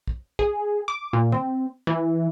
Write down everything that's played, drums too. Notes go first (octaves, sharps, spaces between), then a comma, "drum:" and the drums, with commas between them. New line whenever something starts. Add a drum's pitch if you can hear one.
drum: kick
G#4, drum: kick
D6
A#2
C4, drum: tom
E3